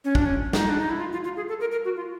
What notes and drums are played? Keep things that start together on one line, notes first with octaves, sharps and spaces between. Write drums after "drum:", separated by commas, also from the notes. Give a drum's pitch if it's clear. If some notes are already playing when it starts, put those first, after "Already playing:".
C#4
D4, drum: kick
C#4
D#4, drum: snare
D4
D#4
E4
F4
F4
F4
G#4
A4
A#4
A#4
F#4
F4